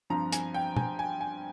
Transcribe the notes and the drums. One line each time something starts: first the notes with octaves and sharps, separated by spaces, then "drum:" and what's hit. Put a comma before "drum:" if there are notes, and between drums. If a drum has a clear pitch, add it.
G2 F3 C4 A#5
G#5, drum: hi-hat
G5
G#5, drum: tom
G#5
G#5